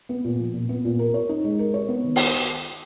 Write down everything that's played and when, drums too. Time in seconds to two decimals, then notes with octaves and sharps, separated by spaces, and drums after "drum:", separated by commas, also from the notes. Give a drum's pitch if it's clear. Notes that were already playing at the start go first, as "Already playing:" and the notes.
0.09 B3
0.24 A#2
0.39 F3
0.54 A#2
0.69 B3
0.85 A#2
0.99 A#4
1.14 C#5
1.29 D#4
1.44 G#3
1.59 A#4
1.74 C#5
1.89 B3
2.04 D#3
2.16 drum: open hi-hat